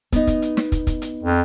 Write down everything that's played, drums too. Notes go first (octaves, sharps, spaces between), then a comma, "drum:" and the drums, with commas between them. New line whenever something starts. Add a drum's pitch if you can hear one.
B3 D#4, drum: kick, hi-hat
drum: kick, hi-hat
drum: hi-hat
drum: snare
drum: kick, hi-hat
drum: kick, hi-hat
drum: hi-hat
F2